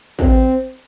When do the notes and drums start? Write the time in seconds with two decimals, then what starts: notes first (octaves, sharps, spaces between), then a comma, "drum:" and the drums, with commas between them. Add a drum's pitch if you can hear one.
0.19 C4, drum: kick